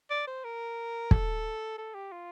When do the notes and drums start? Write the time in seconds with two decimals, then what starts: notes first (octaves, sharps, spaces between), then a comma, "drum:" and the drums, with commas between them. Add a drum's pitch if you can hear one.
0.10 D5
0.27 C5
0.44 A#4
1.11 A4, drum: kick
1.78 A4
1.94 G4
2.12 F4